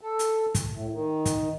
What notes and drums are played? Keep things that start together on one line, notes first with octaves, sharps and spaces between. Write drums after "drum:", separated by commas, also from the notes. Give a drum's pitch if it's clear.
A4
drum: hi-hat
drum: kick, hi-hat
A2
D#3
drum: kick, hi-hat